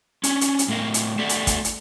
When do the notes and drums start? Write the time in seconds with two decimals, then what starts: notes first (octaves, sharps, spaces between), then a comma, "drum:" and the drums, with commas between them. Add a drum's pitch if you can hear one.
0.24 C#4 D4 C#5, drum: hi-hat
0.41 drum: hi-hat
0.59 drum: hi-hat
0.68 A2 A3 A#4 D#5 F5
0.94 drum: hi-hat
1.19 A3 G4 A4 D5 E5 F#5
1.29 drum: hi-hat
1.47 drum: kick, hi-hat
1.65 drum: hi-hat